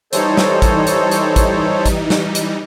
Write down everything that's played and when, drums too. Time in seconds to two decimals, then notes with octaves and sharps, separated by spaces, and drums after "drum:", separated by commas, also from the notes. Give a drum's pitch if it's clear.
0.13 E3 G3 D#4 A4 C5 C#5, drum: hi-hat
0.37 drum: snare
0.62 drum: kick, hi-hat
0.87 drum: hi-hat
1.11 drum: hi-hat
1.36 drum: kick, hi-hat
1.86 drum: kick, hi-hat
2.10 drum: snare
2.35 drum: hi-hat